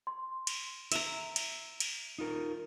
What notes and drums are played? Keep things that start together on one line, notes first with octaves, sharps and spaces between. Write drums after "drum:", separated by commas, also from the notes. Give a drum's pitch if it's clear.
C6
drum: cymbal
E5 A#5, drum: cymbal
drum: cymbal
drum: cymbal
D#4 F4 A#4